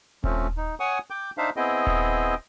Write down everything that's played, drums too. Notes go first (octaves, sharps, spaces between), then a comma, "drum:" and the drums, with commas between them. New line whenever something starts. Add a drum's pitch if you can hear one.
F3 A3 C4 C#4, drum: kick D#1
D#4
C#5 F#5 G#5 C#6 D#6
G5 D6 G6
D4 D#4 C5 E5 F5
B3 C4 E4 G#4 D#5 G5
drum: kick D#1